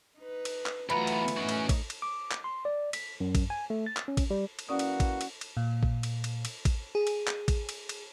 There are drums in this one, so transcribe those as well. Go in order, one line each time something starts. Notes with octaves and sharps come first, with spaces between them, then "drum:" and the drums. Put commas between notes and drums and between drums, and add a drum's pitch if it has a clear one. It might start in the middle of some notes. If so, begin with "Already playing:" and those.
D#4 B4
drum: cymbal
drum: clap
E2 E3 F#3 A3 B3 F4 A#5
drum: cymbal
drum: cymbal
A2 C#4 D#4 F#4
drum: cymbal
drum: kick, cymbal
drum: cymbal
D6
drum: clap
C6
D5
B6, drum: cymbal
F#2
drum: kick, cymbal
G#5
A3
A6
drum: clap
C#4
drum: kick, cymbal
G3
drum: cymbal
E3 A#3 C#4 F#4 D5 D#6
drum: cymbal
drum: kick, cymbal
drum: cymbal
drum: cymbal
A#2
drum: kick
drum: cymbal
drum: cymbal
drum: cymbal
drum: kick, cymbal
G#4
drum: cymbal
drum: clap
drum: kick, cymbal
drum: cymbal
drum: cymbal